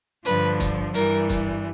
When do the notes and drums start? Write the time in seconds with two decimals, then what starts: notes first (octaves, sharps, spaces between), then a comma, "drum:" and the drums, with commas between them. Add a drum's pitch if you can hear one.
0.25 G2 D3 F3 B4, drum: hi-hat
0.60 drum: kick, hi-hat
0.94 G2 E3 G3 A#4, drum: hi-hat
1.29 drum: kick, hi-hat